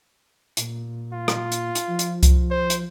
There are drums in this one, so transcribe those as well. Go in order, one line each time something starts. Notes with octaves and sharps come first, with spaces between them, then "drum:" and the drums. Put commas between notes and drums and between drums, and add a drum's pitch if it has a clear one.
A#2, drum: hi-hat
F4
drum: rim click
drum: hi-hat
drum: hi-hat
F3
drum: hi-hat
drum: kick C2, hi-hat
C5
drum: hi-hat